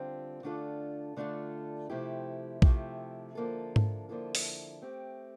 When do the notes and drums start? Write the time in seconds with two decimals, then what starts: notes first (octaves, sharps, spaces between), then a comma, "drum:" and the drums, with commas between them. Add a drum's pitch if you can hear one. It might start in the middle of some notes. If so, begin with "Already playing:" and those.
Already playing: D3 G3 C4 F4
0.43 D3 A3 D4 F4 A4
1.16 D3 A3 D4 F4 A4
1.90 C3 F3 A3 E4 G4
2.62 C3 F3 A3 E4 G4, drum: kick A#1
3.35 D3 F3 A#3 E4 A4
3.76 drum: tom G#2
4.09 D3 F3 A#3 E4 A4
4.35 drum: open hi-hat
4.82 A3 C4 G4